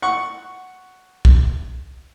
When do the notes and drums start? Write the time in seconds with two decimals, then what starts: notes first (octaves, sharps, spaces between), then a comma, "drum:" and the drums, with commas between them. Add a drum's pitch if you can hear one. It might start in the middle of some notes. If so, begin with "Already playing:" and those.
0.02 F#5 C#6
1.25 drum: kick B1